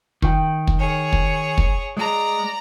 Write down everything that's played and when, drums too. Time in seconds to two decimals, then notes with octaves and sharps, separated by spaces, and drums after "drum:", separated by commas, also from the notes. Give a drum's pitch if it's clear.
0.22 D#3 G5, drum: kick
0.67 drum: kick
0.78 G#4 C#5
1.13 drum: kick
1.58 drum: kick
1.97 G#3 D5 A#5